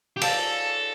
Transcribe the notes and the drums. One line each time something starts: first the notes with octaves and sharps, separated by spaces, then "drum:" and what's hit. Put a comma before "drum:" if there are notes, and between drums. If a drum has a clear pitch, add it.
G4
A4, drum: cymbal